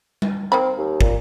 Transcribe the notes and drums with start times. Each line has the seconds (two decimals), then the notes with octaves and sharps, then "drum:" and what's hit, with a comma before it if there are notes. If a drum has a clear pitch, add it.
0.22 drum: tom G3
0.52 D#3 A#3 C4 B5
0.78 D#2
1.01 A#2, drum: kick